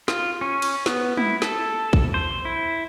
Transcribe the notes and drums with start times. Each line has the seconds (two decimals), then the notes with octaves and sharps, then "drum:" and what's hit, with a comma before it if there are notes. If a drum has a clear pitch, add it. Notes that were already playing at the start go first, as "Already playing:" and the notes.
0.08 F4, drum: snare
0.41 C#4
0.62 drum: cymbal
0.86 B3, drum: snare
1.17 E4, drum: tom
1.42 A4, drum: snare
1.93 drum: kick
2.14 C5
2.45 E4